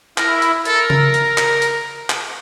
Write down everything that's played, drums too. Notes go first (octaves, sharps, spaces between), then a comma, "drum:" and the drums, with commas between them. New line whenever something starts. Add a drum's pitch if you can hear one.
E4 A#4, drum: clap
drum: hi-hat
A4 A#4, drum: hi-hat
drum: tom C#3
drum: hi-hat
drum: clap
drum: hi-hat
drum: clap